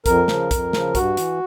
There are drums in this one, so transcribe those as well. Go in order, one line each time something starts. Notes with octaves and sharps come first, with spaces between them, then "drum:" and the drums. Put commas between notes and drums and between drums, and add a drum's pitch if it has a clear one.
F2 A#4, drum: kick, hi-hat
C#3 F3, drum: snare
F2, drum: kick, hi-hat
C#3 F3, drum: snare
G2 F#4, drum: kick, hi-hat
E3, drum: hi-hat